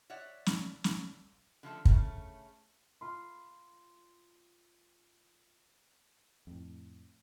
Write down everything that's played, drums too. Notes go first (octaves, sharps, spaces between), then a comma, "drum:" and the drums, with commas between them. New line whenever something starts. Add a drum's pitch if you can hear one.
C#5 D5 E5 F#5
drum: snare
drum: snare
D3 F3 A3 A4
C#3 A3 C#4, drum: kick
F4 B5 C6
F2 A2